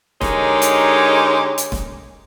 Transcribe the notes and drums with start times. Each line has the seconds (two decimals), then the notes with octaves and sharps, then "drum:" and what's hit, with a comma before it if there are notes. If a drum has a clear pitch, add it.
0.21 D3 G#3 D#4 G4 A#4 C#5, drum: snare
0.62 drum: hi-hat
1.58 drum: hi-hat
1.72 drum: snare